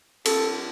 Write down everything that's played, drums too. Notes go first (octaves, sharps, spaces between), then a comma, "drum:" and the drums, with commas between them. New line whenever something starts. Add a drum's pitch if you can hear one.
A4, drum: cymbal